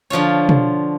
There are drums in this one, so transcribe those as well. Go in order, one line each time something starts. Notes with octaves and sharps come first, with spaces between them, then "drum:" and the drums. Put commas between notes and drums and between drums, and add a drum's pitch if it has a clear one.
D3 F3 F4 C#5
drum: tom B2